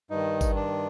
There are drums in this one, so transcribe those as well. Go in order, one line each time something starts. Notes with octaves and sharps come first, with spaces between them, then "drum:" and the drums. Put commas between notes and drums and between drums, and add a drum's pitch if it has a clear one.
G2 D#3 D#4
drum: kick G#1, tambourine
D4